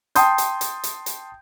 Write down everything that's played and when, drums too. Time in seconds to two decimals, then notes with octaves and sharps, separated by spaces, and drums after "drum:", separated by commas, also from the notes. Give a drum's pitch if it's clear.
0.15 G5 A5 C6 D#6 G6, drum: hi-hat
0.38 drum: hi-hat
0.61 drum: hi-hat
0.84 drum: hi-hat
1.06 drum: hi-hat